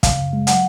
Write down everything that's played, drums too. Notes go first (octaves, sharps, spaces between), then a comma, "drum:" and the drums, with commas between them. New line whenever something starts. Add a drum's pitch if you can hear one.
C#3 F5, drum: kick, hi-hat
F#2
G#3
F#3 F#5, drum: hi-hat